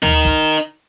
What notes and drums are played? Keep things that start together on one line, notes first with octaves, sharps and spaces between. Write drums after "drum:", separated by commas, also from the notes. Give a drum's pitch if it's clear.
D#4 A#4, drum: tom
drum: kick